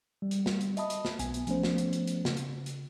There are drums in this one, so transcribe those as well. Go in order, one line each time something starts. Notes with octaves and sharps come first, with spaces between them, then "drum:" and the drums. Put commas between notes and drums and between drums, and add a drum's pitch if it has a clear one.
G3
drum: hi-hat
drum: snare
drum: hi-hat
D#5 E5 A5 B5 D#6, drum: hi-hat
drum: hi-hat
drum: snare
B1 B3 G#5, drum: hi-hat
drum: hi-hat
F3 A3 B3 C#4 C5, drum: hi-hat
drum: snare
drum: hi-hat
drum: hi-hat
drum: hi-hat
C#3, drum: snare
drum: hi-hat
drum: hi-hat